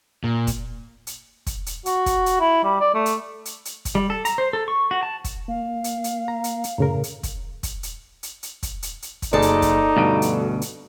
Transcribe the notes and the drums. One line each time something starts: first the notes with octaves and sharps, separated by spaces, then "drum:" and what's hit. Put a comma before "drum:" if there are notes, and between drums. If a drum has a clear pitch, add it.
A#2
drum: kick, hi-hat
drum: hi-hat
drum: kick, hi-hat
drum: hi-hat
F#4, drum: hi-hat
drum: kick, hi-hat
drum: hi-hat
E4
G3
D5
A3
drum: hi-hat
drum: hi-hat
drum: hi-hat
drum: kick, hi-hat
G3
A4
A#5, drum: hi-hat
C5
A4
C#6
F#4
A5
drum: kick, hi-hat
A#3 F5
drum: hi-hat
drum: hi-hat
A#5
drum: hi-hat
drum: hi-hat
F#2 A2 C#3 A#4 A#5
drum: hi-hat
drum: kick, hi-hat
drum: kick, hi-hat
drum: hi-hat
drum: hi-hat
drum: hi-hat
drum: kick, hi-hat
drum: hi-hat
drum: hi-hat
drum: kick, hi-hat
F#1 D#4 G#4 A4 D5
drum: hi-hat
drum: kick, hi-hat
D2 G2 B2 D7
drum: hi-hat
drum: hi-hat